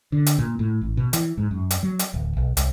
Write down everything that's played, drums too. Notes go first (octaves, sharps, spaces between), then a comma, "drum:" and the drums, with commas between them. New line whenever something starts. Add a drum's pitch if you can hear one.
D3
drum: hi-hat
A#2
A2
A1
B2
E3, drum: hi-hat
G#2
F#2
drum: hi-hat
F#3
drum: hi-hat
D1
B1
C2, drum: hi-hat